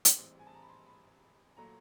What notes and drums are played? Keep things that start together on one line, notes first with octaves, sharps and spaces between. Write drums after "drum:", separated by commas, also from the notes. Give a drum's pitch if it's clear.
drum: hi-hat
A1 G#2 E3 G3 C4
G#5
A5
A#5
B5
C6
B5
A#2 F#3 A3 A#5